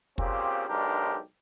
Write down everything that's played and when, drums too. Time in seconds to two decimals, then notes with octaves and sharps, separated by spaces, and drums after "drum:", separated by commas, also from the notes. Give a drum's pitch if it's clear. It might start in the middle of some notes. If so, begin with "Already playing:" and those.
0.18 A#2 C#3 C4 G4, drum: kick
0.68 B1 G#2 D4 G4 A#4